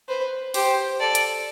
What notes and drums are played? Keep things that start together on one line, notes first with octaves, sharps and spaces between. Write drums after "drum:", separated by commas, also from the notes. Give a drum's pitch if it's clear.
B4 C5
G4 C5, drum: open hi-hat
A4 D5
drum: hi-hat